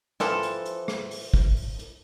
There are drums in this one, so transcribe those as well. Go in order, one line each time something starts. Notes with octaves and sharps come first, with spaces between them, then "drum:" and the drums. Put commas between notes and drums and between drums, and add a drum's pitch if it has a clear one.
E3 F3 C4 A4, drum: rim click
drum: hi-hat
drum: hi-hat
drum: rim click
drum: open hi-hat
drum: kick
drum: open hi-hat
drum: hi-hat